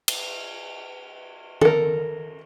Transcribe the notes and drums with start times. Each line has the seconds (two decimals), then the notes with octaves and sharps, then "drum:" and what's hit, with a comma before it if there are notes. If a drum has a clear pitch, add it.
0.08 drum: cymbal
1.61 A4 A#4, drum: tom D#3